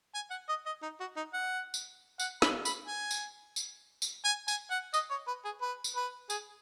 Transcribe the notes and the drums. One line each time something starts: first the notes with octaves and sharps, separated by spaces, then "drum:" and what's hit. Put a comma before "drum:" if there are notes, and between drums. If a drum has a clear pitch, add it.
G#5
F#5
D#5
D#5
D#4
F#4
D#4
F#5
drum: tambourine
F#5, drum: tambourine
B5, drum: snare
B5, drum: tambourine
G#5
drum: tambourine
drum: tambourine
drum: tambourine
G#5
G#5, drum: tambourine
F#5
D#5, drum: tambourine
C#5
B4
G#4
B4
drum: tambourine
B4
G#4, drum: tambourine